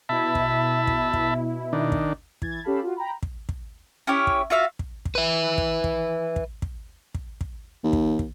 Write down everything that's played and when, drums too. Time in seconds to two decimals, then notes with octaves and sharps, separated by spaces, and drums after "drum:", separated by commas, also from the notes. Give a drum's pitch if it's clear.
0.09 B2 E4 E5 A5 B5
0.35 drum: kick
0.87 drum: kick
1.14 drum: kick
1.73 D#3 D4
1.92 drum: kick
2.42 E3 G#6 A6, drum: kick
2.63 C#4 G4 A4 F5 A5 B5
2.83 F4 F#4
2.96 G5 A#5 B5
3.23 drum: kick
3.49 drum: kick
4.07 C#4 E4 G4 C#5
4.27 drum: kick
4.50 F4 F#4 E5 F5
4.79 drum: kick
5.05 drum: kick
5.15 B4 E5
5.58 drum: kick
5.84 drum: kick
6.36 drum: kick
6.62 drum: kick
7.15 drum: kick
7.41 drum: kick
7.84 D#2
7.93 drum: kick
8.19 drum: kick